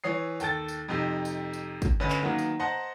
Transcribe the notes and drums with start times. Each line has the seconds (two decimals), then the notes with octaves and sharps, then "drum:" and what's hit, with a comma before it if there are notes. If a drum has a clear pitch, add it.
0.04 E3 C#5 D#6 C7
0.40 D#2 A4 G5 A6, drum: tambourine
0.68 drum: tambourine
0.88 F2 C3 D#4 G4
1.25 drum: tambourine
1.53 drum: tambourine
1.82 drum: kick, tambourine
2.00 D2 C#4 B4 D#5 A#6
2.10 drum: clap
2.23 D#3 F#3 A#3 B3
2.38 drum: tambourine
2.59 C5 D#5 F#5 A5 A#5 C6